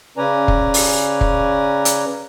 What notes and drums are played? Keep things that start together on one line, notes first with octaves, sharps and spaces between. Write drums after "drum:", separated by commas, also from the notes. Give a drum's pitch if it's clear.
C#3 C#4 B4 D5 G#5 A#5
drum: kick
drum: open hi-hat
drum: kick
drum: hi-hat